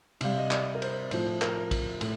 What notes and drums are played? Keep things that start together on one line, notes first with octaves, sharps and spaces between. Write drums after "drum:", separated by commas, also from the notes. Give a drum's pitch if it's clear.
C3 G3 F5, drum: cymbal
D#5
D5, drum: clap
A#4
C5, drum: cymbal
A2 F3 C5, drum: cymbal
A#4, drum: clap
drum: kick, cymbal
A2, drum: cymbal